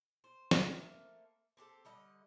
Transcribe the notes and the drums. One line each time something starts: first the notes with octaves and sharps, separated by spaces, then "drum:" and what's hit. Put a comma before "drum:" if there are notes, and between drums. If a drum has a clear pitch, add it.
C5
drum: snare
A3 A#3 C4 A#4
C4 D4 G4 A4
D3 G3 D#5